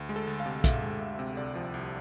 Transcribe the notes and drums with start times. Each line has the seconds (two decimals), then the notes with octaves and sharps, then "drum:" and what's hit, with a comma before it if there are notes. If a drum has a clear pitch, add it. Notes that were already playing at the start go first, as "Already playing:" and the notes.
Already playing: D2
0.09 G#3
0.16 A4
0.27 D2
0.40 F5
0.46 C3
0.64 D2 E5, drum: kick, hi-hat
0.83 G#3
1.01 D2
1.19 C3
1.37 C2 D5
1.55 F3
1.74 C2